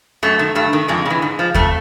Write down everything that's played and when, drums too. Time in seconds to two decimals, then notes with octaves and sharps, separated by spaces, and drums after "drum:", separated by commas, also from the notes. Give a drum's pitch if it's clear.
0.23 F#2 A3
0.39 D#3
0.55 G2 A3
0.73 D#3
0.88 F2 G#3
1.06 C#3
1.10 E3
1.22 G#2
1.39 F3
1.54 F2 A3, drum: kick